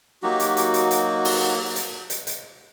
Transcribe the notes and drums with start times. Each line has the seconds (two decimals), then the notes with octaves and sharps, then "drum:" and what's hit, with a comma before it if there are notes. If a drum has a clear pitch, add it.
0.22 F#3 A#3 D#4 F#4 G4
0.40 drum: hi-hat
0.57 drum: hi-hat
0.74 drum: hi-hat
0.91 drum: hi-hat
1.25 drum: open hi-hat
1.76 drum: hi-hat
2.10 drum: hi-hat
2.27 drum: hi-hat